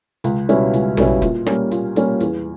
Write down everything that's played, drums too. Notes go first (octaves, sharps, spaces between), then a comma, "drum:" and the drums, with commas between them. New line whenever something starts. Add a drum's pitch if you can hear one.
C#2, drum: hi-hat
B2 G3 C#4 E4, drum: hi-hat
C#2, drum: hi-hat
B2 G3 C#4 E4, drum: tom
A#2, drum: kick, hi-hat
G3 A#3 C#4, drum: rim click
A#2, drum: hi-hat
G3 A#3 C#4, drum: hi-hat
E2, drum: hi-hat